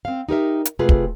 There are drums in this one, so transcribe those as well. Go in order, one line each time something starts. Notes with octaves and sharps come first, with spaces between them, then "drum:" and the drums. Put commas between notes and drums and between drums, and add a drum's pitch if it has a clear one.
C4 F5
D#4 G4 A#4 E5
drum: hi-hat
C3 A3 F4 G#4 B4
drum: kick